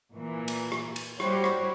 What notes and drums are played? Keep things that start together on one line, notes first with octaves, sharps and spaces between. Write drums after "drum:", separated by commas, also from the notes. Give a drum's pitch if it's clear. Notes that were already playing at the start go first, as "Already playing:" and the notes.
A#2 E3 A#3
drum: cymbal
drum: rim click
drum: cymbal
G3 E4 F#4 G4 C5 C#5, drum: rim click
drum: rim click